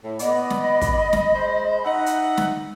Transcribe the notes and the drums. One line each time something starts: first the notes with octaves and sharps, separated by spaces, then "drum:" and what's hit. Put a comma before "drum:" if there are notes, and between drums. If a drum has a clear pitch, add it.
A2
B3 D5 D#5 B5, drum: hi-hat
drum: snare
drum: kick, hi-hat
drum: snare
G#3 C5
D#4 E5 F#5
drum: hi-hat
drum: snare